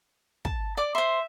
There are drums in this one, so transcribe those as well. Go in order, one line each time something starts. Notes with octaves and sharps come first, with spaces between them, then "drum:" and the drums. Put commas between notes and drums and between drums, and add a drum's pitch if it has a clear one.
A5, drum: kick
D5 D6
C5 E5 C6